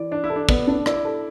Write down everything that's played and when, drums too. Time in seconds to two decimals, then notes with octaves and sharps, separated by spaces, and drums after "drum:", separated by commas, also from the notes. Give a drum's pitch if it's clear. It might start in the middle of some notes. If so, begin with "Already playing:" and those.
Already playing: E3 D5
0.11 D4 D5
0.24 E4
0.30 A4
0.36 D4
0.49 B3 D5, drum: kick
0.67 D4
0.86 E4 D5, drum: rim click
1.05 A4